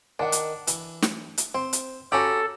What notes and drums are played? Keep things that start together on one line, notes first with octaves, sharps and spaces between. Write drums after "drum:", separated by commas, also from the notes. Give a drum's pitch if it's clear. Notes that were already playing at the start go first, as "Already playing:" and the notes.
D#3 D4 F#5
drum: hi-hat
E3, drum: hi-hat
drum: snare
drum: hi-hat
C4 C5
drum: hi-hat
C#4 F#4 G4 A4 A#5 B5